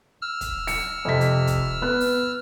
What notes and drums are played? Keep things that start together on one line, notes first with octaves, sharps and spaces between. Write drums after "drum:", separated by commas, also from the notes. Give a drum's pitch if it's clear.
E6 F6
drum: kick, hi-hat
C#7, drum: open hi-hat
F2 C3 B6
drum: hi-hat
drum: kick, hi-hat
B3 F#6
drum: open hi-hat